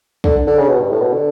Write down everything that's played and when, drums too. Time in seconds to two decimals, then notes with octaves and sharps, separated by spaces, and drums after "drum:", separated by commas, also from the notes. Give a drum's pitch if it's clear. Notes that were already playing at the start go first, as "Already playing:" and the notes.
0.24 D3, drum: kick
0.47 D3
0.58 C#3
0.68 B2
0.79 G2
0.90 A2
1.01 B2
1.12 D3